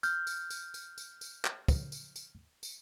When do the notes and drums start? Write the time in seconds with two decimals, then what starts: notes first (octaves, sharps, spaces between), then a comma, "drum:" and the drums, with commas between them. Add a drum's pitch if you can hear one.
0.03 F6 G6, drum: tambourine
0.27 drum: tambourine
0.50 drum: tambourine
0.74 drum: tambourine
0.98 drum: tambourine
1.21 drum: tambourine
1.45 drum: clap
1.68 drum: kick, tambourine
1.92 drum: tambourine
2.16 drum: tambourine
2.63 drum: tambourine